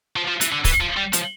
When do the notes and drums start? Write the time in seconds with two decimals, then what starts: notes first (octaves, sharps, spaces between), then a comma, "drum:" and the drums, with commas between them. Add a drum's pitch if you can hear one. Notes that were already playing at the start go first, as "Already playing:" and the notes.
0.16 F3
0.28 F3
0.41 E3, drum: hi-hat
0.52 D3
0.64 E3, drum: kick, open hi-hat
0.81 F3
0.97 G3
1.13 F3, drum: hi-hat